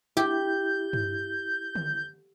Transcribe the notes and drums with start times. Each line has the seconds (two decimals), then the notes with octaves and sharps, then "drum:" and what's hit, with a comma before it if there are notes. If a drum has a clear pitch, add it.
0.17 E4 G4 G6
0.93 drum: tom G2
1.75 drum: tom D3